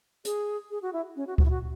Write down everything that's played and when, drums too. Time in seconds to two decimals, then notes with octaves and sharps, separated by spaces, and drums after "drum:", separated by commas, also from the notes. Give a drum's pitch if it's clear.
0.25 G#4, drum: hi-hat
0.70 G#4
0.82 F#4
0.93 E4
1.16 C#4
1.27 F#4
1.38 F#4, drum: kick
1.45 E4
1.50 F#4